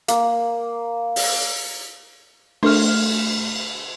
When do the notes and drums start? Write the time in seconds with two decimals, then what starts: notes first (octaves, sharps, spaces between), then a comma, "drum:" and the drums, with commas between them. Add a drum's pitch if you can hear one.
0.08 A#3, drum: hi-hat
1.16 drum: open hi-hat
2.63 A3 D4 A4 A#4 F6, drum: cymbal